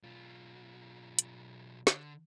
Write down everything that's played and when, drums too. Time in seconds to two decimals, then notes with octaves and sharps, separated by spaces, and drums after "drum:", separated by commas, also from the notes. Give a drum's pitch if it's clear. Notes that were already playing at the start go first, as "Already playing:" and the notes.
0.03 B1 F4
1.19 drum: hi-hat
1.87 D3, drum: snare